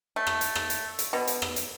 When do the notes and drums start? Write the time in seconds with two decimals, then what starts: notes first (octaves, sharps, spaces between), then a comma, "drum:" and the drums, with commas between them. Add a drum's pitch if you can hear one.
0.16 A3
0.27 drum: rim click
0.41 drum: hi-hat
0.55 drum: rim click
0.70 drum: hi-hat
0.99 drum: hi-hat
1.13 B2
1.27 drum: hi-hat
1.42 drum: rim click
1.56 drum: hi-hat